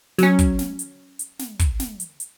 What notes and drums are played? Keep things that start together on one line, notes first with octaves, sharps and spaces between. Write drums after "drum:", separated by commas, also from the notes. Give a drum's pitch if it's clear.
F#3 C#4, drum: snare
drum: kick, hi-hat
drum: snare
drum: hi-hat
drum: hi-hat
drum: snare
drum: kick, hi-hat
drum: snare
drum: hi-hat
drum: hi-hat